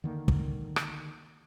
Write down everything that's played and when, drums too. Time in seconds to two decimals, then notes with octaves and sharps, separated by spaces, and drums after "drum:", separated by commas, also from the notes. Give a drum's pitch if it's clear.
0.04 D3 D#3 A#3
0.28 drum: kick
0.76 drum: rim click